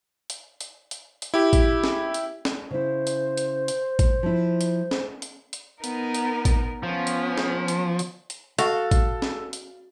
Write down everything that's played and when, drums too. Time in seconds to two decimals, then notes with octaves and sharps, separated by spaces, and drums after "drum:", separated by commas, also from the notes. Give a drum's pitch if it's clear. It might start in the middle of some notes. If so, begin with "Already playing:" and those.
0.30 drum: hi-hat
0.61 drum: hi-hat
0.91 drum: hi-hat
1.22 drum: hi-hat
1.34 E4 G4
1.53 drum: kick A1, hi-hat
1.84 drum: snare
2.14 drum: hi-hat
2.45 drum: snare
2.71 C#3 E4 C5
3.07 drum: hi-hat
3.37 drum: hi-hat
3.68 drum: hi-hat
3.99 drum: kick A1, hi-hat
4.23 F3 E4
4.61 drum: hi-hat
4.91 drum: snare
5.22 drum: hi-hat
5.53 drum: hi-hat
5.84 B3 D#4 A#4, drum: hi-hat
6.14 drum: hi-hat
6.45 drum: kick A1, hi-hat
6.83 F3 B3 C#4
7.07 drum: hi-hat
7.38 drum: snare
7.68 drum: hi-hat
7.99 drum: hi-hat
8.30 drum: hi-hat
8.59 F#4 A4 F5, drum: hi-hat
8.91 drum: kick A1, hi-hat
9.22 drum: snare
9.53 drum: hi-hat